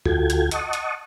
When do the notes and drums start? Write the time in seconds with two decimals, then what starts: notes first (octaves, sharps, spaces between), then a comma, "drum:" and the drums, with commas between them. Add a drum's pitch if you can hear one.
0.05 D2 F4 F#4 A4 G5 G#6, drum: tom E2
0.30 drum: hi-hat
0.51 D#5 F#5 A5 C#6 D#6, drum: hi-hat
0.73 drum: hi-hat